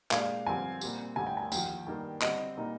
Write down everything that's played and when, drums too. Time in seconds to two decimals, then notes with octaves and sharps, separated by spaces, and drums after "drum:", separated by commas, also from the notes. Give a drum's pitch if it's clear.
0.11 A#2 G#3 D4 G4 D5 F5, drum: clap
0.46 G2 D3 F3 C4 G4 G#5
0.81 A#2 G3 C4 G4, drum: tambourine
1.16 D2 D3 G3 G#5
1.27 G5
1.37 G#5
1.52 D#2 D3 F3 G5, drum: tambourine
1.87 G2 D#3 G3 A#3
2.22 D3 G3 C4 D#5, drum: clap
2.57 A#2 G3 A#3 D#4